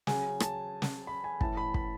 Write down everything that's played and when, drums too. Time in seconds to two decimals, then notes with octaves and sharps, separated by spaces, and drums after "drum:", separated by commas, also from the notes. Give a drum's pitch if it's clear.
0.07 C#3 F#3 G#5, drum: snare
0.40 A5, drum: rim click
0.82 drum: snare
1.07 B5
1.24 G#5
1.41 A2 E3 A5, drum: kick
1.57 B5
1.74 B5, drum: kick